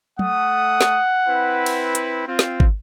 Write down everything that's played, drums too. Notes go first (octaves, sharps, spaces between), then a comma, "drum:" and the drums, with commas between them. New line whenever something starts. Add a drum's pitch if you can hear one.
A3 F#5 D#6, drum: tom
drum: snare
C4 E4 B4
drum: cymbal
drum: hi-hat
C4 F4
drum: snare
drum: kick